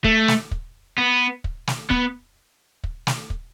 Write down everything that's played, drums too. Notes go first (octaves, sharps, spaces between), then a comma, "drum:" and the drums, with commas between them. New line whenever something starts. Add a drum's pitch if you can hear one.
A3, drum: kick
drum: snare
drum: kick
B3
drum: kick
drum: snare
B3, drum: kick
drum: kick
drum: snare
drum: kick